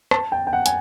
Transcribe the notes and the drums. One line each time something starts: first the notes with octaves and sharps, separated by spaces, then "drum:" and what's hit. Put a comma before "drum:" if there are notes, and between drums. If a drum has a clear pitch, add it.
A5, drum: rim click
G5
G5
F#5
G#5, drum: hi-hat